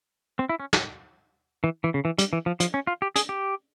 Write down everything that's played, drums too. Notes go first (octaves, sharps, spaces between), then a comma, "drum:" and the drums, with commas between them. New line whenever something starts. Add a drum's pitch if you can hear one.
C4
E4
C#4
drum: snare
E3
E3
C#3
E3
G3, drum: hi-hat
E3
F3
F3, drum: hi-hat
C#4
F4
G4
G#4, drum: hi-hat
G4